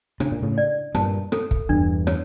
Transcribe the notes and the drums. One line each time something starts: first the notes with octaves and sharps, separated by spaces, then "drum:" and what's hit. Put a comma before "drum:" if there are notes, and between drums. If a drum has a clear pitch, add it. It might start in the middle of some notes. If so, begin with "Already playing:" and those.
C#3 D4, drum: rim click
A#2
A2 C#3
D5
G2 A#2 A5, drum: rim click
A4, drum: rim click
drum: kick
E2 G2 D4
C#5, drum: rim click